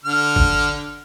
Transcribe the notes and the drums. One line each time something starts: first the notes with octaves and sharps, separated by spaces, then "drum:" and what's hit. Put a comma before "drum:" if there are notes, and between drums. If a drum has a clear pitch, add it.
D3 F6
drum: kick